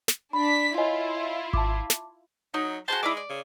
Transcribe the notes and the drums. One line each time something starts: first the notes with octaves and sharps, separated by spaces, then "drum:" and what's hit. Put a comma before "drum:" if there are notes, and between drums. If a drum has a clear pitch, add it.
drum: snare
D4 B5 B6
E4 F4 C#5 D#5 G#5
A5 D6, drum: kick G#1
drum: snare
F#3 D#4
F#4 G#4 C5 A5
G#3 E4 D5 D6
D5
C#3